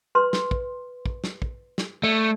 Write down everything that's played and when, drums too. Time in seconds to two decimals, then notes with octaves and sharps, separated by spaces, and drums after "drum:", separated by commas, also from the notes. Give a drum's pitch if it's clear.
0.15 B4 C6
0.33 drum: snare
0.51 drum: kick
1.06 drum: kick
1.24 drum: snare
1.42 drum: kick
1.78 drum: snare
2.03 A3 D5